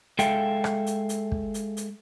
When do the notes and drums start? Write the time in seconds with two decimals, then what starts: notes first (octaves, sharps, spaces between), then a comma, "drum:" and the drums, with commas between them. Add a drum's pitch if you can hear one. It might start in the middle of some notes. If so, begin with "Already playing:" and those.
0.19 G#3 A4 E5 F5 G5, drum: hi-hat
0.64 drum: rim click
0.86 drum: hi-hat
1.09 drum: hi-hat
1.32 drum: kick
1.54 drum: hi-hat
1.77 drum: hi-hat